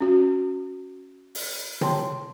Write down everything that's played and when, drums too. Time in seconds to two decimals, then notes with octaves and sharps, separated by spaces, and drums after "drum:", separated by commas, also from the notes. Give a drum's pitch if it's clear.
0.01 C#4 F#4
1.35 drum: open hi-hat
1.81 C#5 G5 A5 C6, drum: tom